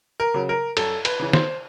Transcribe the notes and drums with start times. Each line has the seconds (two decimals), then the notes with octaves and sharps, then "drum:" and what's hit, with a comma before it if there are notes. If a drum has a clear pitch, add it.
0.20 A#4
0.34 C#3 F#3
0.49 A#4
0.77 F#2 A4, drum: cymbal
1.05 B4, drum: cymbal
1.20 C#3 E3
1.33 C5, drum: snare